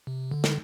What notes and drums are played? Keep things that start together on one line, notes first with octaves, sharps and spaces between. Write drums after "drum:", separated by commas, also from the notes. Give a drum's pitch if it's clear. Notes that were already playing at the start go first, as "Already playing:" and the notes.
C3
D3
drum: snare